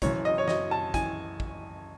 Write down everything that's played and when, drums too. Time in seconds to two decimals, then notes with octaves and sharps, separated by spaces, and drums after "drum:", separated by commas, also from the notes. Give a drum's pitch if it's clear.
0.02 F#1 F#2 E3 C#5, drum: kick, hi-hat
0.25 D#5
0.38 C#5
0.48 D#5, drum: snare
0.71 A5
0.94 E3 G#5, drum: kick, hi-hat
1.40 drum: kick